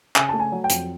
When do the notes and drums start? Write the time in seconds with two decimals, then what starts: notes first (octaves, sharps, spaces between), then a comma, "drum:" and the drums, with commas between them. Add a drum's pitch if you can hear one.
0.16 C#3 G#5, drum: clap
0.29 A3 A5
0.40 G#5
0.52 F#3
0.64 G5
0.70 F2, drum: hi-hat